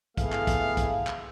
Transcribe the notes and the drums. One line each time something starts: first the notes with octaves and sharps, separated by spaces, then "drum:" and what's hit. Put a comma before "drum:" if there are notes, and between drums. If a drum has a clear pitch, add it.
A3 B3 E4 G#4 F5, drum: kick, hi-hat
drum: clap
drum: kick, hi-hat
drum: kick, hi-hat
drum: clap